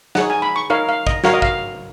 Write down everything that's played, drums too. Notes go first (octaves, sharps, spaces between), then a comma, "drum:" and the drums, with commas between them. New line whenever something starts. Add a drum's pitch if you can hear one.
D#4 G#4 C#5 F#5, drum: snare
G#5
B5
C#6
D#4 A#4 C#5 F5
F5
D#5, drum: kick
F#4 A#4 C#5 F5, drum: snare
D#5
F5, drum: kick